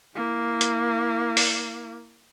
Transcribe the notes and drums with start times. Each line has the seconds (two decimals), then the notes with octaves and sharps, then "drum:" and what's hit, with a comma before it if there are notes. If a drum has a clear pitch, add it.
0.15 A#3 E4
0.61 drum: hi-hat
1.37 drum: open hi-hat